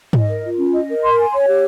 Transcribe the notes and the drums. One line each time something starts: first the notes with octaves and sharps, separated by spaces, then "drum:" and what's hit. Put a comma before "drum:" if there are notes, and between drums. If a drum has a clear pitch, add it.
D#5, drum: tom G#2
A#4
F4
C#4
D#5
A#4
C6
G#5
C#5
G4